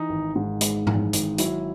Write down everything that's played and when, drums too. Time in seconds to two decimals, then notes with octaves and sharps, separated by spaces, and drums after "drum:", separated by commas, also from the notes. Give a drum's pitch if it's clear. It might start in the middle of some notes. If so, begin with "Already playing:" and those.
Already playing: E3 D#4
0.09 G#1
0.35 G#2
0.61 G#3, drum: hi-hat
0.87 E3, drum: tom G#2
1.13 G#1, drum: hi-hat
1.38 F#3 E4, drum: hi-hat